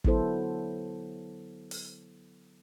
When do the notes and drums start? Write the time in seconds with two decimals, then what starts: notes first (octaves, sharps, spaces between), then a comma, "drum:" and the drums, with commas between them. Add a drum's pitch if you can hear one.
0.04 D3 F#3 B3 E4 A4 C5, drum: kick
1.71 drum: open hi-hat